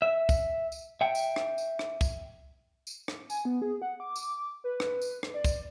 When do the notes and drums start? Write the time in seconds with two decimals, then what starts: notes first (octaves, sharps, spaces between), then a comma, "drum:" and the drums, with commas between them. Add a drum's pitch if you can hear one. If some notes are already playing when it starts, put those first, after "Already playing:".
0.02 E5
0.29 drum: kick C2, tambourine
0.72 drum: tambourine
1.01 E5 G5
1.15 drum: tambourine
1.36 drum: rim click
1.58 drum: tambourine
1.79 drum: rim click
2.01 drum: kick C2, tambourine
2.87 drum: tambourine
3.08 drum: rim click
3.30 G#5, drum: tambourine
3.45 B3
3.62 G#4
3.82 F#5
4.00 D6
4.16 drum: tambourine
4.64 B4
4.80 drum: rim click
5.02 drum: tambourine
5.23 drum: rim click
5.34 D5
5.44 drum: kick C2, tambourine